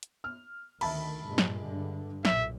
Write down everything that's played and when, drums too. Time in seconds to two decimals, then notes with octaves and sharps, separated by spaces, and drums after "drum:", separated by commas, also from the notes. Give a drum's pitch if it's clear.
0.03 drum: hi-hat
0.24 F6
0.81 D2 D#3 E5 A5 B5, drum: cymbal
1.23 G2 A#2 G#3
1.38 drum: snare
1.65 G2 D3
2.25 B1 A#2 E5, drum: snare